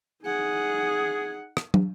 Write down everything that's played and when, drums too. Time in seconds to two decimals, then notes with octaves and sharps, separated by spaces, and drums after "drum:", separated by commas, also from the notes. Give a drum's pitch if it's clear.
0.24 D#4 G#4 F#5
1.57 drum: rim click
1.74 drum: tom